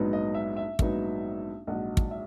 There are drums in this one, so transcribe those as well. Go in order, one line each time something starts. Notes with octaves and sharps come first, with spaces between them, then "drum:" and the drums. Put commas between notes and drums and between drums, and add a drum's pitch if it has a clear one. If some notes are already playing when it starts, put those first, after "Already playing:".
Already playing: A#1 G#2 F#3 B3 D#4
D#5
E5
E5
A#1 G#2 F#3 B3 D#4, drum: kick
A#1 G#2 F#3 D#5 F#5
drum: kick
E5